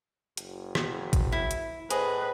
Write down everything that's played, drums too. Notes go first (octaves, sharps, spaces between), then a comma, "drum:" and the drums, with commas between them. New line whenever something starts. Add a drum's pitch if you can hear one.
F#1, drum: hi-hat
drum: rim click
drum: kick, hi-hat
E4
drum: hi-hat
A2 G#4 B4 C5 D#5, drum: hi-hat